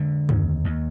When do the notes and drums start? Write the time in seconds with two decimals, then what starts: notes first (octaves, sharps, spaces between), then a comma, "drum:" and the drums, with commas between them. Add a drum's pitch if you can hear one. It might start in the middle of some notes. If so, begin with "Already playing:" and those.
Already playing: D3 G#3
0.29 D#2, drum: tom
0.64 D#2